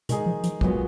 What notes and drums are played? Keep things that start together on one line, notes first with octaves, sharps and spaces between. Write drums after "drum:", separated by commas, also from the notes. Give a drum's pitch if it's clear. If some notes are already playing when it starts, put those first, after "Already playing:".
B2 D#3 G#3 D#4 G#4, drum: hi-hat
F3
F3, drum: hi-hat
A#2 F#3 G#3 B3 F#4, drum: kick